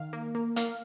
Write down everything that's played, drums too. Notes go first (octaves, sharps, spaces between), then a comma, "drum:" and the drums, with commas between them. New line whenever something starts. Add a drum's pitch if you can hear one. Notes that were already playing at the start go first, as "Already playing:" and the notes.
Already playing: D#3 F5
A#3
A#3
A#3 F5, drum: hi-hat